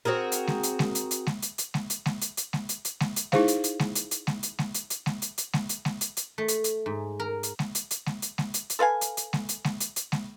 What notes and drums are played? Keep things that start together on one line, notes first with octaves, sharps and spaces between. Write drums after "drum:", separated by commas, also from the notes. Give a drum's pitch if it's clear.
C4 F#4 G#4 A#4
drum: hi-hat
drum: snare G#3
drum: hi-hat
drum: snare G#3
drum: hi-hat
drum: hi-hat
drum: snare G#3
drum: hi-hat
drum: hi-hat
drum: snare G#3
drum: hi-hat
drum: snare G#3
drum: hi-hat
drum: hi-hat
drum: snare G#3
drum: hi-hat
drum: hi-hat
drum: snare G#3
drum: hi-hat
D#4 E4 G#4 C5 F5, drum: snare G#3
drum: hi-hat
drum: hi-hat
drum: snare G#3
drum: hi-hat
drum: hi-hat
drum: snare G#3
drum: hi-hat
drum: snare G#3
drum: hi-hat
drum: hi-hat
drum: snare G#3
drum: hi-hat
drum: hi-hat
drum: snare G#3
drum: hi-hat
drum: snare G#3
drum: hi-hat
drum: hi-hat
A3
drum: hi-hat
drum: hi-hat
G#2
A#4
drum: hi-hat
drum: snare G#3
drum: hi-hat
drum: hi-hat
drum: snare G#3
drum: hi-hat
drum: snare G#3
drum: hi-hat
drum: hi-hat
A4 B4 F5 G#5
drum: hi-hat
drum: hi-hat
drum: snare G#3
drum: hi-hat
drum: snare G#3
drum: hi-hat
drum: hi-hat
drum: snare G#3